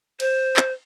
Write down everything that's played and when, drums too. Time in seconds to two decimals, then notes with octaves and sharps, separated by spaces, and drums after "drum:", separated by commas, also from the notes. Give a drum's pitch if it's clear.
0.20 C5, drum: cymbal
0.56 drum: clap